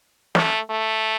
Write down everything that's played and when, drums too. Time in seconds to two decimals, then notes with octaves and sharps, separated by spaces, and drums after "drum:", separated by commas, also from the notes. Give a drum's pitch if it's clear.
0.35 A3, drum: snare
0.70 A3